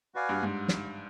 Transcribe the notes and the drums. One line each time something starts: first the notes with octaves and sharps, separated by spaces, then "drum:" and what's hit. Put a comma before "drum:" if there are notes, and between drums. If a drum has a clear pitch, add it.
F#4 B4 D5 F5 G#5
G2
G#2
drum: snare